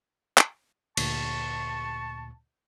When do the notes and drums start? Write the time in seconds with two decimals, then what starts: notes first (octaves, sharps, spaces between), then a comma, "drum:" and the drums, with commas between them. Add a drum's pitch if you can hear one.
0.38 drum: clap
0.97 D2 A#2 A5 C#6, drum: cymbal